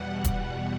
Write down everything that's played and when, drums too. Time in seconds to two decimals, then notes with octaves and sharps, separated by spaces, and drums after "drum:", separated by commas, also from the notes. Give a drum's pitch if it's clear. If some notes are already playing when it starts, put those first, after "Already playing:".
Already playing: E2 B2 G3 F#5
0.24 F#5, drum: kick D#1, hi-hat